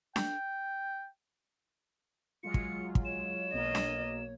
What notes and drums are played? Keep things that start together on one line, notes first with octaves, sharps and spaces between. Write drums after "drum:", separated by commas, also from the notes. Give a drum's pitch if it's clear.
G5, drum: snare D4
F#3 G#3 F4 C#7
drum: kick
drum: kick
C#5 E7
B1 B2 A#3 D#5
drum: snare D4